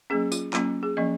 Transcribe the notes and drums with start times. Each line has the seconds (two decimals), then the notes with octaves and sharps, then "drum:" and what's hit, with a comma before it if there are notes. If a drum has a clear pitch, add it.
0.10 F#3 A#3 C#4 G#4
0.32 F4, drum: tambourine
0.53 F#3 A#3 C#4 F4, drum: clap
0.83 G#4
0.97 F3 A#3 C#4 D#5